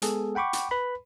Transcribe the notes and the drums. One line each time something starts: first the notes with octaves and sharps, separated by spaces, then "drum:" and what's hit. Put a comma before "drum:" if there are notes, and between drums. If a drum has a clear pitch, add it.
G#3 B3 G#4 A4, drum: hi-hat
F#5 G5 B5 C#6 D6
drum: hi-hat
B4 B5